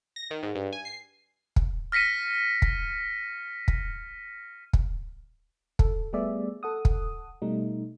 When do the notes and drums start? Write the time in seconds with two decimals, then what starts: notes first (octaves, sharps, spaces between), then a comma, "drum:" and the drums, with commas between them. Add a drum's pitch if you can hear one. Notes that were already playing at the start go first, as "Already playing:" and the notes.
0.16 A#6
0.31 D#3
0.43 G#2
0.55 G2
0.73 G#5
0.85 C7
1.56 drum: kick
1.92 F6 A#6 B6 C#7 D#7
2.62 drum: kick
3.68 drum: kick
4.73 drum: kick
5.79 A4, drum: kick
6.13 G3 A3 B3 G#4 D5 E5
6.63 A4 F#5 D#6
6.85 drum: kick
7.42 B2 G3 A3 D#4